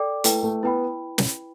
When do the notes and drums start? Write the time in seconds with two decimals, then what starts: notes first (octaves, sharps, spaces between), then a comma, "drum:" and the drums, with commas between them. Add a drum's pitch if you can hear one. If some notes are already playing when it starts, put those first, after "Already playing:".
Already playing: A4 D5 G5 D6
0.24 A3 E4 B4 G5, drum: hi-hat
0.43 A3
0.63 B3 E4 B4 G5 B5
1.18 drum: snare